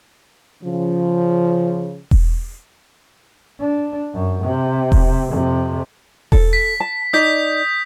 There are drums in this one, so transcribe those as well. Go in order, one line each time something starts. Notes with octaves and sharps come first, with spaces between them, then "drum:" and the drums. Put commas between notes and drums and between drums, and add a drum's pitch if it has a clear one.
C#3 F3
drum: kick E1
D4
F#2
C3
drum: kick E1
F2 C3
A4, drum: kick E1
B6
A5
D#4 D5 D#5 D#6 G6 B6